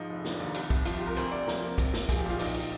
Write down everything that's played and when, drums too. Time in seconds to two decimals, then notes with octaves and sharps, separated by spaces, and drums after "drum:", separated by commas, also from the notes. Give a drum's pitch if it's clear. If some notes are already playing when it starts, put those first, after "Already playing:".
Already playing: G#2 F3 D#4
0.10 F1
0.25 D3, drum: snare
0.40 D#2
0.55 C2, drum: hi-hat
0.70 C2, drum: kick
0.85 F3 F4, drum: hi-hat
0.97 C3 G4
1.07 A#4
1.16 D2 C5, drum: hi-hat
1.31 D2 D5
1.47 F3 A#4, drum: snare
1.62 C3
1.78 A#1, drum: kick, hi-hat
1.93 A#1, drum: snare
2.09 F3 G#4, drum: kick, hi-hat
2.18 G4
2.25 A#2 F4
2.39 A#1 D#4, drum: open hi-hat